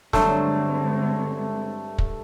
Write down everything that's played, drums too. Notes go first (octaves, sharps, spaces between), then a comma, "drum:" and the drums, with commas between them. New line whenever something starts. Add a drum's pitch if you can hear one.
G2 D3 F#3 G#3 A3 C4 C5, drum: snare
drum: kick